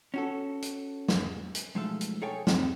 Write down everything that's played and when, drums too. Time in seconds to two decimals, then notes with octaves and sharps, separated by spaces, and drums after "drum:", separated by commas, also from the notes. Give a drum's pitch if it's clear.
0.14 C#4 F#4 A4
0.62 drum: hi-hat
1.08 drum: snare
1.55 drum: hi-hat
1.75 B1 F3 G#3 A3 A4 F5
2.01 drum: hi-hat
2.22 G#4 A4 C#5 F5 G5 G#5
2.47 C4, drum: snare